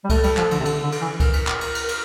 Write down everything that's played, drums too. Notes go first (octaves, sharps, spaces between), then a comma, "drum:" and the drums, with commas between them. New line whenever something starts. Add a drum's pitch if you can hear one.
G3
A3 A4, drum: kick C#2, cymbal
G3, drum: cymbal
F3, drum: clap
D3, drum: cymbal
C3
D3, drum: cymbal
D3
drum: cymbal
E3
A#4, drum: kick C#2, cymbal
drum: cymbal
drum: clap
drum: cymbal
drum: cymbal
drum: cymbal